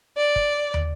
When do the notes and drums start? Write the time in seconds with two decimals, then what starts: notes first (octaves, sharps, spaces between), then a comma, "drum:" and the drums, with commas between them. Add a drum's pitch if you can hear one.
0.17 D5
0.36 drum: kick
0.74 drum: tom